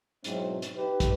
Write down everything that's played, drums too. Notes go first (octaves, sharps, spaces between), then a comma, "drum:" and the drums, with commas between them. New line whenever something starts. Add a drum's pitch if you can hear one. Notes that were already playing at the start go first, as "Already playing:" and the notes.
G#2 B2 F#3 C4 E4, drum: hi-hat
drum: hi-hat
D#4 G4 B4
drum: kick, hi-hat